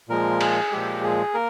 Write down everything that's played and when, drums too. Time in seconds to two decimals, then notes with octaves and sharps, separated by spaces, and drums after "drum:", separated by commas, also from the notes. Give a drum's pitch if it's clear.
0.09 A#2 F3 G#3 A#4
0.41 G#4, drum: cymbal
0.72 A#2 F3 G#3 G4
1.03 G#4
1.34 A#3 A#4